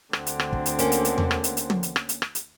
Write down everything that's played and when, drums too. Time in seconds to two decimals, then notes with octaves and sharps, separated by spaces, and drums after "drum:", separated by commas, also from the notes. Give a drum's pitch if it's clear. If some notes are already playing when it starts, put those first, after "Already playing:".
0.13 D2 D3 C4, drum: rim click
0.27 drum: hi-hat
0.40 drum: rim click
0.53 drum: kick
0.66 drum: hi-hat
0.79 A#3 C#4, drum: hi-hat
0.92 drum: hi-hat
1.05 drum: hi-hat
1.18 drum: tom E2
1.31 drum: rim click
1.44 drum: hi-hat
1.57 drum: hi-hat
1.70 drum: tom
1.83 drum: hi-hat
1.96 drum: rim click
2.09 drum: hi-hat
2.22 drum: rim click
2.35 drum: hi-hat